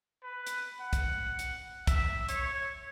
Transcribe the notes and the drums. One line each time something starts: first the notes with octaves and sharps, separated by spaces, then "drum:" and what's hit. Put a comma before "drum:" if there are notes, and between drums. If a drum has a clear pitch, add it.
B4
drum: hi-hat
F#5
drum: kick, hi-hat
drum: hi-hat
E5, drum: kick, hi-hat
C#5, drum: hi-hat